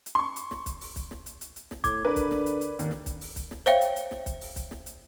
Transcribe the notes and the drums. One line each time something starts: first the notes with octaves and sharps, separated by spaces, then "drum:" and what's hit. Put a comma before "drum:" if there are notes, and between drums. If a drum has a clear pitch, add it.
drum: hi-hat
C6 C#6
drum: hi-hat
drum: snare
drum: kick, hi-hat
drum: open hi-hat
drum: kick, hi-hat
drum: snare
drum: hi-hat
drum: hi-hat
drum: hi-hat
drum: snare
A2 D6 G#6, drum: kick, hi-hat
D3 A#4 B4 D5
drum: kick, hi-hat
drum: snare
drum: hi-hat
drum: hi-hat
D#2, drum: hi-hat
drum: snare
drum: kick, hi-hat
drum: open hi-hat
drum: kick, hi-hat
drum: snare
C5 C#5 E5 F5 G5, drum: hi-hat
drum: hi-hat
drum: hi-hat
drum: snare
drum: kick, hi-hat
drum: open hi-hat
drum: kick, hi-hat
drum: snare
drum: hi-hat